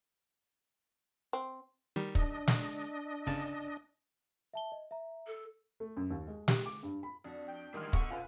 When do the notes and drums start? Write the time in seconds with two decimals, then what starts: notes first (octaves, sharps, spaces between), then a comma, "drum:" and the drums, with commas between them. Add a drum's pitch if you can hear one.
1.33 C4
1.96 D#3 G3
2.15 D4 D#5, drum: kick
2.47 drum: snare
3.26 G1 C#3 A5
4.54 E5 A5 G7
4.72 D#5
4.91 E5 A#5
5.27 A4
5.80 A3
5.97 F#2
6.11 D#2
6.27 G#3
6.48 G4, drum: snare
6.66 D6
6.83 G2
7.03 B5
7.24 F2 D4 F#4
7.48 G5
7.74 A1 D#3 G3 G#3 C6 F6
7.93 B1 G#2 B2 A4 F#5 C#6, drum: kick
8.11 B2 C#4 F4 B4 G#5